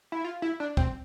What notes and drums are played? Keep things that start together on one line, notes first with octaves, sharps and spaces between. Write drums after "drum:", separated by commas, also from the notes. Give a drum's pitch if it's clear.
E4
F4
E4
D4
C4, drum: kick